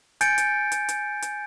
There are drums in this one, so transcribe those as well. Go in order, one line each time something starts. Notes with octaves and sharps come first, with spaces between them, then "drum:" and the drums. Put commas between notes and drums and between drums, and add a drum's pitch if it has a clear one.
G#5 G6 A6 C#7 D7, drum: hi-hat
drum: hi-hat
drum: hi-hat
drum: hi-hat
drum: hi-hat